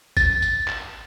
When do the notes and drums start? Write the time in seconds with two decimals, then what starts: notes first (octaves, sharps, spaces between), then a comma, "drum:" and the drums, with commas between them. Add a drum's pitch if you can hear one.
0.17 A6, drum: kick G#1, tambourine
0.42 drum: tambourine
0.68 drum: clap